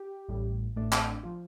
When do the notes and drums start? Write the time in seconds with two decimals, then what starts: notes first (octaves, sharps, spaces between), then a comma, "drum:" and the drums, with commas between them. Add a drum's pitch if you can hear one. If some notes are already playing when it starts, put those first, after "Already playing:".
Already playing: G4
0.29 A1 A2 G3
0.76 A1 A2 A3 D4
0.92 C4, drum: clap
1.08 D4
1.23 F3 F4